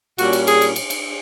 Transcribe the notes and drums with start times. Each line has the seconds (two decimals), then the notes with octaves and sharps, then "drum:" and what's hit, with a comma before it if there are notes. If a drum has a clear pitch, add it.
0.18 A#2 G3 A#3 C#4 F#4, drum: cymbal
0.33 drum: cymbal
0.47 G#4, drum: cymbal
0.61 drum: cymbal
0.76 drum: cymbal
0.90 drum: cymbal